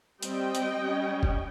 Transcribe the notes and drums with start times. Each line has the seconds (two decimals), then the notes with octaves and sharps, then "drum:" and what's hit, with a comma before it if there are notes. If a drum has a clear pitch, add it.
0.23 G3 C4 D#5 G5, drum: hi-hat
0.55 drum: hi-hat
0.82 G3 C#4
1.23 drum: kick F1